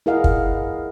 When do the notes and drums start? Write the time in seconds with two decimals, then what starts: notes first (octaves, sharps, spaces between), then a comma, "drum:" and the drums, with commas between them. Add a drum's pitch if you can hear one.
0.06 E4 G#4 A#4 D#5 F5 F#5
0.24 drum: kick